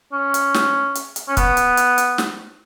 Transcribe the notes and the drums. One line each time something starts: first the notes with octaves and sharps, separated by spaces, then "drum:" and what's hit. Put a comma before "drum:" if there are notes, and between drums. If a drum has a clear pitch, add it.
C#4
drum: hi-hat
drum: snare
drum: hi-hat
drum: hi-hat
C#4
B3, drum: kick, hi-hat
drum: hi-hat
drum: hi-hat
drum: hi-hat
drum: snare